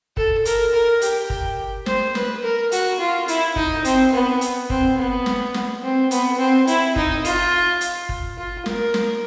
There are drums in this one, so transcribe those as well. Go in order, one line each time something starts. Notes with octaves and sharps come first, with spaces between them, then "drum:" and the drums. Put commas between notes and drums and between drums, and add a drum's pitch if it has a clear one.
A4, drum: kick
A#4, drum: hi-hat
A#4
G4, drum: hi-hat
drum: kick
C5, drum: snare
B4, drum: snare
A#4
F#4, drum: hi-hat
F4
E4, drum: hi-hat
D#4, drum: kick
C4, drum: hi-hat
B3
drum: hi-hat
C4, drum: kick
B3
drum: snare
drum: snare
C4
B3, drum: hi-hat
C4
E4, drum: hi-hat
D#4, drum: kick
F4, drum: hi-hat
drum: hi-hat
drum: kick
F4
A#4, drum: snare
drum: snare